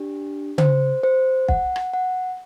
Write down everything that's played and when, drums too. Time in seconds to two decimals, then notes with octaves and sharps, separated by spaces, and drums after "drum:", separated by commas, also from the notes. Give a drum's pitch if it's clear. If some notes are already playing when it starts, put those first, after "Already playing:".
Already playing: D4 G4
0.58 C5, drum: tom C#3
1.04 C5
1.49 F#5, drum: kick
1.76 drum: rim click
1.94 F#5